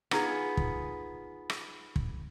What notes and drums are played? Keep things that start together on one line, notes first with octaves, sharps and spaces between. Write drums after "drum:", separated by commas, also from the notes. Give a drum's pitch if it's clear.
B3 D#4 F4 G#4, drum: rim click
drum: kick
drum: rim click
drum: kick